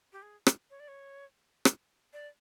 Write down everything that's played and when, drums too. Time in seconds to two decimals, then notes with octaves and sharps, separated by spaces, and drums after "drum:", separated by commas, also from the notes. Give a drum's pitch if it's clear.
0.13 G4
0.22 G#4
0.47 drum: rim click
0.70 C#5
0.80 D5
0.88 C#5
1.65 drum: rim click
2.13 D5